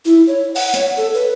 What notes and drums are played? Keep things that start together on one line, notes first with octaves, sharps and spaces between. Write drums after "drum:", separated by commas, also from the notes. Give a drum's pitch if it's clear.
E4
C#5
F#5, drum: open hi-hat
C#5, drum: hi-hat
A4
B4